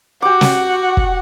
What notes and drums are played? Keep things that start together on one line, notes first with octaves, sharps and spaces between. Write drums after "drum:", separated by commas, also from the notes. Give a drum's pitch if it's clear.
F#4 G4 F#5 D6
drum: snare
drum: kick